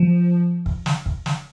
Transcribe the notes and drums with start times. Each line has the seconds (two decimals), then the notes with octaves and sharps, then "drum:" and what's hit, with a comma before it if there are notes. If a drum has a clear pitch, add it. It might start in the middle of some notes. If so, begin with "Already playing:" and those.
Already playing: F3
0.66 drum: kick
0.86 drum: snare
1.06 drum: kick
1.26 drum: snare